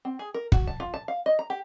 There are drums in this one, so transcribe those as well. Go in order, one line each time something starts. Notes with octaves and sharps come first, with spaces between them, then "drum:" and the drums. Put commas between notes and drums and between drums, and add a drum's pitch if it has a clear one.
C4
G#4
A#4
F#4, drum: kick
A5
F4
A5
F5
D#5
A#5
G4